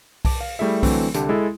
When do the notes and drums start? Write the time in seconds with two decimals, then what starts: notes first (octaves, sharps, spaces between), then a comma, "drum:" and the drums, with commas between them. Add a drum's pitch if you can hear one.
0.25 A5 D6, drum: kick B1, open hi-hat
0.41 F5
0.59 G3 A3 E4 G#4 E5
0.83 D3 E3 F#3 A3 C4, drum: kick B1, open hi-hat
1.14 C2 D3 G4 A5, drum: hi-hat
1.29 G#3 E4 A4